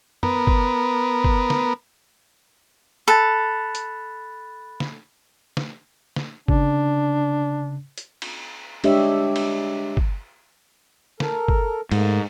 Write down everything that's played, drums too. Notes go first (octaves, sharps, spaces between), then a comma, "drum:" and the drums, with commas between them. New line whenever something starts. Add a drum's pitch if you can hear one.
B3 A#4, drum: tom F#2
drum: kick
drum: kick
drum: snare
A4 B5 F#6 A6
drum: hi-hat
drum: snare
drum: snare
drum: snare
C#3 D4, drum: kick
drum: hi-hat
drum: cymbal
G#3 D4 G4 C#5 D#5 E5, drum: cymbal
drum: cymbal
drum: kick
A4 A#4, drum: snare
drum: kick
G#2 A3 A#3, drum: cymbal